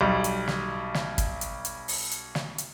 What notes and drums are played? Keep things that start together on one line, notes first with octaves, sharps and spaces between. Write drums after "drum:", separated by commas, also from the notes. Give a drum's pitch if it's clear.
B1 G3
drum: hi-hat
drum: snare
drum: snare
drum: kick, hi-hat
drum: hi-hat
drum: hi-hat
drum: open hi-hat
drum: hi-hat
drum: snare
drum: hi-hat